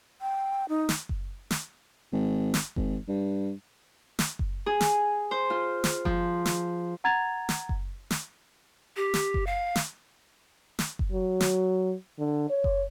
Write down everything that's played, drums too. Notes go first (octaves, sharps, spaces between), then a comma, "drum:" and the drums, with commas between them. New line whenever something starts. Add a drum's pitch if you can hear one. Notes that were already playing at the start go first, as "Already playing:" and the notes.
G5
D#4
drum: snare
drum: kick F#1
drum: snare
G#1
drum: snare
G#1, drum: kick F#1
G2
drum: snare
drum: kick F#1
G#4
drum: snare
C5
F4
drum: snare
F3, drum: kick F#1
drum: snare
F#5 A#5 G#6 A6 F7
drum: snare
drum: kick F#1
drum: snare
G4
drum: snare
drum: kick F#1
F5
drum: snare
drum: snare
drum: kick F#1
F#3
drum: snare
D3
C#5
drum: kick F#1